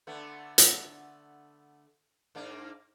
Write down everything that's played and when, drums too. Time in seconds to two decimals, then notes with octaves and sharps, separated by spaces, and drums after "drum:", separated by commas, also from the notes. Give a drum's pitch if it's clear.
0.07 D3 A3 B3
0.58 drum: hi-hat
2.35 G#2 A#3 D4